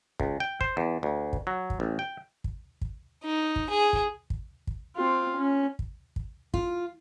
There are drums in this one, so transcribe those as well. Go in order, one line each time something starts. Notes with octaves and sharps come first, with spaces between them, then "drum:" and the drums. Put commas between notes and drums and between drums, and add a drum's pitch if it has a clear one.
C#2, drum: kick
G5
C5, drum: kick
E2
D2
drum: kick
F#3
drum: kick
A1
G5
drum: kick
drum: kick
D#4
drum: kick
G#4
drum: kick
drum: kick
drum: kick
C4 F4
C#4
drum: kick
drum: kick
F4, drum: kick